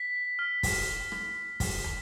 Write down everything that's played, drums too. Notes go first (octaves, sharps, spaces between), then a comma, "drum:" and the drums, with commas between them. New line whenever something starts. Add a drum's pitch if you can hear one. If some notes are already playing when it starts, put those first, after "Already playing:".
Already playing: B6
F6
drum: kick, open hi-hat
drum: rim click
drum: kick, open hi-hat
drum: tom